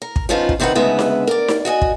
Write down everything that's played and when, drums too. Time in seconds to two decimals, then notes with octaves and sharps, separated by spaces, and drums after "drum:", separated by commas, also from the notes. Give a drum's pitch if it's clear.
0.02 A#4
0.16 drum: kick
0.29 F3 B3 C#4 D#4 F4 C5
0.49 drum: kick
0.60 C3 D#3 C4 D#4 B4 F#5
0.75 D2 G#2 C#3 G#3 B3 E5
0.99 drum: snare D#4
1.27 A#4 D5
1.48 drum: snare D#4
1.65 F#4 D#5 E5 G#5
1.82 drum: kick